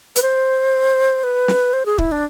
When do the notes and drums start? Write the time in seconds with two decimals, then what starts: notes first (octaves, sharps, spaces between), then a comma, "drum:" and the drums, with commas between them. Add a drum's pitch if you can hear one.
0.16 B4, drum: hi-hat
0.22 C5
1.23 B4
1.48 drum: snare
1.73 C5
1.86 G#4
1.98 E4, drum: kick
2.12 D4